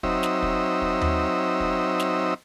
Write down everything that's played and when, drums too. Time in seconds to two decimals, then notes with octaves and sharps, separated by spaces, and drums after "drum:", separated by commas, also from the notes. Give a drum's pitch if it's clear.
0.03 F#3 C4 D#4 E5, drum: kick
0.23 drum: snare
0.43 drum: kick
0.82 drum: kick
1.01 drum: tom D#2
1.60 drum: kick
2.00 drum: snare